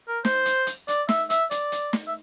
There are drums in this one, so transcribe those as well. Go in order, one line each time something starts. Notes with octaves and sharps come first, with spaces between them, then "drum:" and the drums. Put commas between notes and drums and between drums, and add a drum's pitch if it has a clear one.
A#4
C5, drum: snare
drum: hi-hat
drum: hi-hat
D5, drum: hi-hat
E5, drum: snare
E5, drum: hi-hat
D5, drum: hi-hat
drum: hi-hat
drum: snare
E5